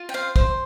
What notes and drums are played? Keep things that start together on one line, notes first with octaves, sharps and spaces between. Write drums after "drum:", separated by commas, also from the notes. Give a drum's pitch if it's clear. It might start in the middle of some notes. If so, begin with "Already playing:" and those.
Already playing: F4
G5
C5 F5
C5, drum: kick